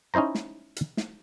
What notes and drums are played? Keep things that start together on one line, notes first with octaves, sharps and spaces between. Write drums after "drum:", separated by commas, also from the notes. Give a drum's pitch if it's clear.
C#4 D#4 E4 C5 A#5
drum: snare
drum: hi-hat
drum: snare